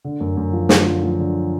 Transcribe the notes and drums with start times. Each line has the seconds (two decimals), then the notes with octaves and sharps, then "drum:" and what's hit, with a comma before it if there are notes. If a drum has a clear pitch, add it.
0.04 D3
0.20 F#2
0.37 F#2
0.53 F3
0.69 D3, drum: snare
0.86 F3
1.03 F3
1.20 D3